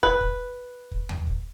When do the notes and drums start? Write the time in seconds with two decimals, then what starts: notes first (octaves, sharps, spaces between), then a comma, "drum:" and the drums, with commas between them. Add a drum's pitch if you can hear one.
0.03 B4, drum: kick
0.21 drum: kick
0.91 drum: kick
1.09 drum: tom
1.27 drum: kick